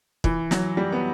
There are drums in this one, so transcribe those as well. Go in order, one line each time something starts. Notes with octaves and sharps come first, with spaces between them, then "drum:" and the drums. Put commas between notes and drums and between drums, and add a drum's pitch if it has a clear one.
E3, drum: kick
F#3, drum: snare
G3
B3